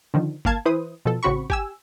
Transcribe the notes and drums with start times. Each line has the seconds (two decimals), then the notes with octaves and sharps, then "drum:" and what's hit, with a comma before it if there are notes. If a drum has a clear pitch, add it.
0.14 D3 D#3 F3
0.45 G1 A#3 F5 A5 G#6, drum: kick G1
0.65 E3 E4 B4 C5 D#6
1.05 B2 F3 A4
1.23 A1 C#3 C4 F#4 B5 C#6
1.50 G4 G#5 E6, drum: kick G1